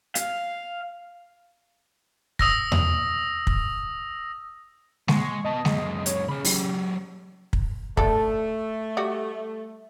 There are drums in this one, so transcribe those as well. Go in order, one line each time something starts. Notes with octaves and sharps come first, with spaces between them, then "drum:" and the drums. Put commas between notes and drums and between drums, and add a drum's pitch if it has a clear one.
F5, drum: hi-hat
D#6 E6 A#6, drum: kick
drum: tom E2
drum: kick
G#3 C#6, drum: snare G#3
B2 D#5 A5
F#2 G#3, drum: snare G#3
C#5, drum: hi-hat
C#3 G#3 B5
F#3 G4, drum: open hi-hat
drum: kick
A3 D4 A4, drum: kick
G3 F#4